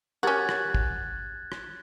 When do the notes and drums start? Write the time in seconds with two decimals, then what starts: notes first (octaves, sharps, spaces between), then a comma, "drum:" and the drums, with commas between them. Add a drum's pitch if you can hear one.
0.23 C#4 F#4 G4 A#4 F#6 G#6 A6
0.49 drum: rim click
0.75 drum: kick
1.52 drum: rim click